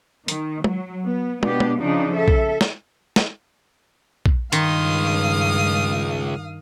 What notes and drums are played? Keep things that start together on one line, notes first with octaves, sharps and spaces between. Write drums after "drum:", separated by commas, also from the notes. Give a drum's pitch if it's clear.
D#3, drum: hi-hat
F#3, drum: tom
B3
B2 B3 D4 G4, drum: tom
drum: tom
C#3 F3 D4 D#4
A4 E5
drum: kick
drum: snare
drum: snare
drum: kick
C#2 G2 D#3 F5 C6 D#6, drum: hi-hat